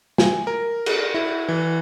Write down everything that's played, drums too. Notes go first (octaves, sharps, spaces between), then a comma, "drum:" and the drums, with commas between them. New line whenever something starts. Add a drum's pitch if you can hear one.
G#5, drum: snare
A#4
drum: cymbal
E4
E3